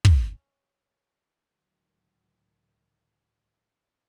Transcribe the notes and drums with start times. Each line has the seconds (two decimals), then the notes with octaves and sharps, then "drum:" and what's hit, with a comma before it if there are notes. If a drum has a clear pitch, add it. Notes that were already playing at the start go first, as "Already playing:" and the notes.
0.05 C#4, drum: kick
1.47 C#2 A2 D3 D#3 F#3